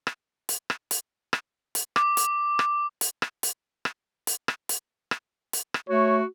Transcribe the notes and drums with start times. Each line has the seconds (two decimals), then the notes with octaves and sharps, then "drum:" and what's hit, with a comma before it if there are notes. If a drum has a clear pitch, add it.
0.07 drum: rim click
0.49 drum: hi-hat
0.70 drum: rim click
0.91 drum: hi-hat
1.33 drum: rim click
1.75 drum: hi-hat
1.96 D6, drum: rim click
2.17 drum: hi-hat
2.59 drum: rim click
3.01 drum: hi-hat
3.22 drum: rim click
3.43 drum: hi-hat
3.85 drum: rim click
4.27 drum: hi-hat
4.48 drum: rim click
4.69 drum: hi-hat
5.11 drum: rim click
5.53 drum: hi-hat
5.74 drum: rim click
5.89 A3 F#4 C#5